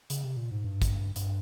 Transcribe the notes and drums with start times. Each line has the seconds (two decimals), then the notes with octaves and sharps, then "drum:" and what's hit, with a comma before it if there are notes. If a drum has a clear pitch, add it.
0.10 C#3, drum: hi-hat
0.24 C3
0.37 A#2
0.51 G#2
0.64 G2
0.82 drum: kick, hi-hat
1.16 G2, drum: hi-hat